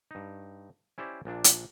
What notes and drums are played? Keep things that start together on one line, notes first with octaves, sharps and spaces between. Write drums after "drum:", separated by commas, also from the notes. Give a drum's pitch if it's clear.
G2 D#4
C#4 E4 G4 C5 D5
A#1 A#2 D4
drum: hi-hat